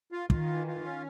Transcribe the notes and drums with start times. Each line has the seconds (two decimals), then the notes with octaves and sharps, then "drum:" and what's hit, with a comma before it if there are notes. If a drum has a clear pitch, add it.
0.12 F4
0.30 D#3 F4, drum: kick
0.49 E3
0.67 F4
0.84 C#4